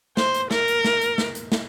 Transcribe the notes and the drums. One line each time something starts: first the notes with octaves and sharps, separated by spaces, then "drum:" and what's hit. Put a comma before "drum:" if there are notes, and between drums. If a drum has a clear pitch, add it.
C5, drum: snare
drum: hi-hat
A#4, drum: snare
drum: hi-hat
drum: snare
drum: hi-hat
drum: snare
drum: hi-hat
drum: snare